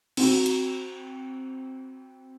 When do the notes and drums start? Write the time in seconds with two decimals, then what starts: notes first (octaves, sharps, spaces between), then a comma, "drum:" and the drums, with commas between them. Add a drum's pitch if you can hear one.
0.17 C4 F#4, drum: cymbal
0.46 drum: hi-hat